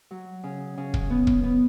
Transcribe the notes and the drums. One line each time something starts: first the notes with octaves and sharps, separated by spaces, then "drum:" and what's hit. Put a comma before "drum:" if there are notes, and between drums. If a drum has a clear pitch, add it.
F#3
C#3
C#3
drum: kick
B3
drum: kick
B3